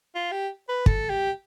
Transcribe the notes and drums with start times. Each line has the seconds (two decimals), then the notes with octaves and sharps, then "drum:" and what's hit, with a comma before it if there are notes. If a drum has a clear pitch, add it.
0.15 F4
0.32 G4
0.68 B4
0.86 A4, drum: kick
1.09 G4